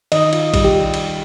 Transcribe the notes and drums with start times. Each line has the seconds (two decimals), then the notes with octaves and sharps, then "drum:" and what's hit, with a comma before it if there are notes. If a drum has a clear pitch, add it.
0.12 D#3 D#5, drum: cymbal
0.33 F4, drum: cymbal
0.54 G3, drum: kick A1, cymbal
0.64 G4
0.94 drum: cymbal